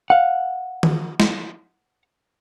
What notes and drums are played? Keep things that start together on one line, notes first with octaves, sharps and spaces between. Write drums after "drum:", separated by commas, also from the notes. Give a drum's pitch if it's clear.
F5 F#5
drum: tom
drum: snare